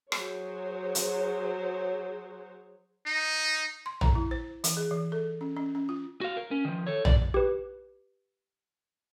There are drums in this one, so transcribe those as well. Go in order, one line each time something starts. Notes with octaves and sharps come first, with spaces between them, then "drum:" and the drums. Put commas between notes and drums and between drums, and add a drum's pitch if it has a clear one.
F#3 G#4 C5 C#5, drum: rim click
drum: hi-hat
D#4
C6
A#5, drum: tom A#1
E4
C5
E3, drum: hi-hat
G#4
E3
A4
C#4
C#4
C#4
F4
F#4 F5
A#4
C#4
D#3 F3
A4 C#5
D5, drum: tom A#1
G4 B4